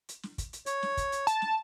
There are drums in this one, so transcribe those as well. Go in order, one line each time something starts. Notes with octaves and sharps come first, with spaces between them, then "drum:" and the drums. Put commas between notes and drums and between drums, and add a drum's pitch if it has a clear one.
drum: hi-hat
drum: snare
drum: kick, hi-hat
drum: hi-hat
C#5, drum: hi-hat
drum: snare
drum: kick, hi-hat
drum: hi-hat
A5, drum: hi-hat
drum: snare